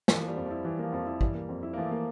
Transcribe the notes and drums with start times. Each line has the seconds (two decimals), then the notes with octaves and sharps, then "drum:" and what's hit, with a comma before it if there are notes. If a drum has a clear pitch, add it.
0.08 E3 F3, drum: snare
0.22 G3 A#3
0.36 F2
0.46 F3 E4
0.65 E3 G3
0.79 F3 A#3
0.92 F2 F3
1.02 G3 E4
1.21 E3 G3, drum: kick
1.35 A#3
1.49 F2
1.63 E4
1.73 A#3
1.77 E3 F3 A3
1.91 A#3